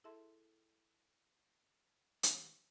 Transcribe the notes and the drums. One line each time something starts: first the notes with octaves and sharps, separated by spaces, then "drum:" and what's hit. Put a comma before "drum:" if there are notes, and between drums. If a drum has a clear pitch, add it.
E4 G#4 A4 E5 A5 C6
drum: hi-hat